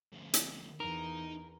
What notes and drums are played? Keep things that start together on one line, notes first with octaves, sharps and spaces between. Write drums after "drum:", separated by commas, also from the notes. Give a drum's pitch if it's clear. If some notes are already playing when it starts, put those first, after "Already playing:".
D2 F3
drum: hi-hat
E2 D#4 A#4